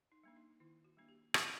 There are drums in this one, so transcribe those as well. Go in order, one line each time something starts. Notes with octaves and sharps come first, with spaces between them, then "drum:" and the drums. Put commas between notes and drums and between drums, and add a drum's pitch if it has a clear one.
D#4
G3 A#3 D4
D#4
D#3 E4
F#4
G3 A#3 D4
G4
E3 G4, drum: rim click